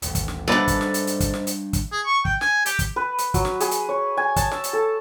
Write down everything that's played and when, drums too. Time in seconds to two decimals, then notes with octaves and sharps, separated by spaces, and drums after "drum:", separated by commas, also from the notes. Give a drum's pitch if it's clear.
0.02 D#1 A1, drum: hi-hat
0.15 drum: kick, hi-hat
0.28 drum: snare
0.48 E2 G#2 G3 D4 A4 B4 D5
0.68 drum: kick, hi-hat
0.81 drum: snare
0.94 drum: hi-hat
1.07 drum: hi-hat
1.20 drum: kick, hi-hat
1.34 drum: snare
1.47 drum: hi-hat
1.73 drum: kick, hi-hat
1.92 G#4
2.06 C#6
2.25 G5, drum: kick
2.41 G#5, drum: snare
2.66 G4, drum: hi-hat
2.79 drum: kick, hi-hat
2.96 B4
3.18 drum: hi-hat
3.34 F#3, drum: kick, hi-hat
3.45 drum: snare
3.60 G#4, drum: hi-hat
3.71 drum: hi-hat
3.89 C#5
4.17 G#5
4.36 A5, drum: kick, hi-hat
4.51 E6, drum: snare
4.64 drum: hi-hat
4.73 A4